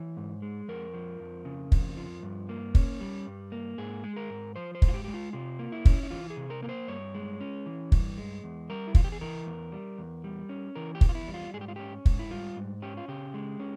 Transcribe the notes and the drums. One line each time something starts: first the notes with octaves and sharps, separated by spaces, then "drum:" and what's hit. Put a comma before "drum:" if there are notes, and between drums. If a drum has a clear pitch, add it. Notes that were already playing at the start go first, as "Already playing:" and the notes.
Already playing: E3 C#5
G#2
G#3
F2 A#4
F3
F2
C#3
F2, drum: kick
F3
G2
A#3
C#4, drum: kick
G3
G2
A#3
G#2 G#4
G#3
A#4
G#2
F3 C5
C5
G#2, drum: kick
F4
G4
G#3 G4
F4
C3 F4
A#3
E4
C#4, drum: kick
E4
E3 F4
G#4
C3
A#4
A#3 A#4
C5
G2 C#5
G#3
C#4
E3
G2, drum: kick
G#3
E2
G3 A#4
E4
E2 F4, drum: kick
G4
G#4
E3 A#4
E2
G3
E2
G3
C#4
E3 A#4
G4
E2, drum: kick
F4
E4
G3
F4
G#2 G#4
G4
F4
C#4 G4
G#2, drum: kick
E4
G3 F4
G#2
C#4 G4
F4
C#3 G4
G#3
C#4